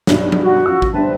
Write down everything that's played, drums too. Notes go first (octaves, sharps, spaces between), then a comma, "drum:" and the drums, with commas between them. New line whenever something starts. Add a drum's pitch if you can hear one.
B1 G2 F#3, drum: snare
drum: tom F3
F#4
F#2 F4 E6
drum: kick A1
G1 G2 C4 B4 A5